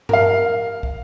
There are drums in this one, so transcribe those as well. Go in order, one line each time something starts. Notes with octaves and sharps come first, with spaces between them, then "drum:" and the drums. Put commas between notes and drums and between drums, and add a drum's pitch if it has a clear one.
A#4 F5, drum: tom G2
drum: kick